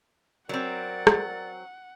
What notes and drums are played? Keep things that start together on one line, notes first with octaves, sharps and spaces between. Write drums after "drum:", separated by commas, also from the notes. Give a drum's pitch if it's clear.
F#3 C4 A#4 D5 F#5
drum: rim click